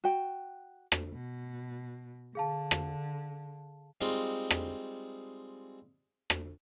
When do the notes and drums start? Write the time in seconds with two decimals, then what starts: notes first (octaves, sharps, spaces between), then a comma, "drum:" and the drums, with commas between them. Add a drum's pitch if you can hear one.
0.04 F#4 G5
0.92 drum: rim click
1.14 B2
2.35 D3 G#4 F5 A5
2.71 drum: rim click
4.01 G3 G#3 C4 D#4 F4
4.51 drum: rim click
6.30 drum: rim click